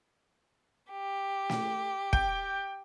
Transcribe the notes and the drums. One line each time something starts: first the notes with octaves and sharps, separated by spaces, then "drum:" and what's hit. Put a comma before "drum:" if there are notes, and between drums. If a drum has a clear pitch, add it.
G4
drum: snare
G5, drum: kick